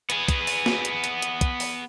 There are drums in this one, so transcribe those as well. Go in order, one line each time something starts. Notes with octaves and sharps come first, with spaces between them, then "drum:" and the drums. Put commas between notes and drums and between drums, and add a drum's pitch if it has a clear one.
B3 G#4, drum: hi-hat
drum: kick, hi-hat
drum: open hi-hat
drum: snare
drum: hi-hat
drum: hi-hat
drum: hi-hat
drum: kick, hi-hat
drum: open hi-hat